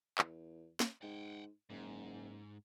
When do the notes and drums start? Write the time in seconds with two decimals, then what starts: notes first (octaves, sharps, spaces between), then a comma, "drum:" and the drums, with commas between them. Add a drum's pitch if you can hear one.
0.18 E2, drum: clap
0.80 drum: snare
1.02 G#2 F#5 G5
1.70 F#1 G#2